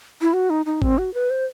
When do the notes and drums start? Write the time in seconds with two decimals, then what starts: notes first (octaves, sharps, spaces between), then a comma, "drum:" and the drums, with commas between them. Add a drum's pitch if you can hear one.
0.22 E4
0.33 F#4
0.50 D#4
0.66 D#4
0.82 C4, drum: kick
0.98 F#4
1.14 B4
1.30 C5